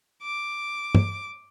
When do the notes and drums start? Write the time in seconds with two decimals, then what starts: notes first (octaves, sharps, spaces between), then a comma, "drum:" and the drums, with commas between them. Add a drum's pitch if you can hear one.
0.22 D6
0.95 drum: tom